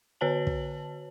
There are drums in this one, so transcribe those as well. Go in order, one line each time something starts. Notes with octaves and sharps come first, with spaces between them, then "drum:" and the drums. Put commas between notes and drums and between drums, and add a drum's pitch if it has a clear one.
D3 F#4 B4 C#5 A5 F#7
drum: kick